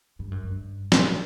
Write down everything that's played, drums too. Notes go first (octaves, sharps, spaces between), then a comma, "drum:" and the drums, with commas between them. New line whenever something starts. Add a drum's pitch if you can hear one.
G2
F#2
G2
A#2, drum: snare
A2